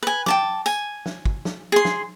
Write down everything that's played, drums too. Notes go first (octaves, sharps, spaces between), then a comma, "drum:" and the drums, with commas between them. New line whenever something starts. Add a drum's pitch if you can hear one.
B4 G#5
G5 A5 D6, drum: snare
G#5, drum: tambourine
drum: snare
drum: kick
drum: snare
G#4 C6
drum: snare